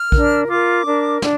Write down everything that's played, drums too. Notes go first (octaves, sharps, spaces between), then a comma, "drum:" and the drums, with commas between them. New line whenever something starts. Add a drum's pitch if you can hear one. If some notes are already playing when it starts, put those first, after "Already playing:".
Already playing: F6
D4 A#4, drum: kick A#1
F4 A#4 D6
D4 A#4
D4, drum: snare